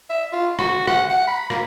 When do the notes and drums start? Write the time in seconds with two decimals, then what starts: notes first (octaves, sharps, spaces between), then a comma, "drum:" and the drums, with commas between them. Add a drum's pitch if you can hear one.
0.10 E5
0.32 F4
0.59 F#4, drum: rim click
0.87 F#5, drum: rim click
1.10 F#5
1.28 B5
1.50 A#3, drum: rim click